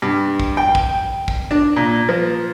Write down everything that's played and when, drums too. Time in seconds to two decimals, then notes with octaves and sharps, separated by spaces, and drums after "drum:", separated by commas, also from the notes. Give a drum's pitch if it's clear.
0.02 G2
0.40 drum: kick
0.57 G5
0.75 drum: kick
1.28 drum: kick
1.51 D4
1.76 A#2
2.09 F3